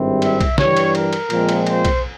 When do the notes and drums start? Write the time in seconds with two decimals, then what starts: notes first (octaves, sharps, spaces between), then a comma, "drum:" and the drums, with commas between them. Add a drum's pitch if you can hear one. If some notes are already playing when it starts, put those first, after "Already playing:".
Already playing: G#1 G2 G3 C4 E4
0.22 E5, drum: cymbal
0.41 drum: kick B1, cymbal
0.58 G2 E3 G3 C#5, drum: snare
0.77 drum: cymbal
0.95 A#4, drum: cymbal
1.13 drum: cymbal
1.30 A#2 F3 G#3 C4, drum: cymbal
1.49 drum: cymbal
1.67 C5, drum: cymbal
1.85 drum: kick B1, cymbal